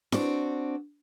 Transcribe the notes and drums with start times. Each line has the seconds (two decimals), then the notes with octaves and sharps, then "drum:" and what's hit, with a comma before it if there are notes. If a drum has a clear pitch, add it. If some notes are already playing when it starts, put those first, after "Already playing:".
0.12 C4 D4 F#4, drum: snare E4